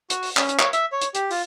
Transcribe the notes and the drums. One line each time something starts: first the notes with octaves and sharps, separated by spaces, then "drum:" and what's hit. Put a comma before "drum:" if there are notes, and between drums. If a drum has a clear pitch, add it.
F#4, drum: hi-hat
drum: open hi-hat
C#4, drum: clap
drum: hi-hat
C#5, drum: clap
E5, drum: hi-hat
C#5
drum: hi-hat
G4, drum: hi-hat
F4, drum: open hi-hat